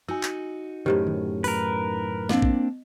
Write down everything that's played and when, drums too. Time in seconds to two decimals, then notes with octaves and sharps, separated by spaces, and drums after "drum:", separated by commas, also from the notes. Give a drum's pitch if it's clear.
0.08 D#4 F#4 G#5 E6
0.23 drum: clap
0.86 F#2 A2 D#3 G4 C5
1.07 drum: tom D3
1.44 A#4 B4, drum: open hi-hat
2.29 A#3 C4 D4 D#5, drum: snare
2.42 drum: kick